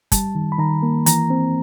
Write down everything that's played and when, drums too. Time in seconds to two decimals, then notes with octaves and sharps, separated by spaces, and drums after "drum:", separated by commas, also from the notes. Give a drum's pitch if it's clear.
0.12 G3 A5, drum: kick, hi-hat
0.35 D#3
0.52 B5
0.58 D#3 A#5
0.83 A#3
1.06 E3 A#5, drum: hi-hat
1.30 C4